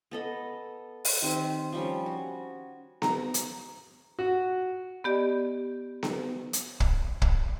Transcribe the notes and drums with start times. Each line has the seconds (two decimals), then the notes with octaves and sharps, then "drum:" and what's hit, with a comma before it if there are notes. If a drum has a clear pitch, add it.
0.11 B3 A4 D#5
1.05 drum: open hi-hat
1.22 D#3 C4 G4
1.73 F3 G3 C#4
2.06 F#4
3.02 A#5, drum: snare B3
3.34 drum: hi-hat
4.19 F#4
5.04 B3 G4 D5 D#5
6.03 drum: snare B3
6.53 drum: hi-hat
6.80 drum: kick
7.22 drum: kick